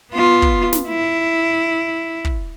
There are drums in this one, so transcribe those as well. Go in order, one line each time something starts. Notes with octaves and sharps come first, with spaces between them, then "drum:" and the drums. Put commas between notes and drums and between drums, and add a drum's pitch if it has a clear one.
B3 F4
drum: kick
drum: snare
E4
drum: kick